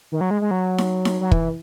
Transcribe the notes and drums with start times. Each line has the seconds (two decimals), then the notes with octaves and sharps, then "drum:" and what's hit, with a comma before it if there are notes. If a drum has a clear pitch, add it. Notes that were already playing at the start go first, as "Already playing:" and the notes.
0.12 D#3
0.21 F#3
0.31 G#3
0.42 G#3
0.51 F#3
0.78 drum: snare D#4
1.05 drum: snare D#4
1.21 F#3
1.31 E3, drum: kick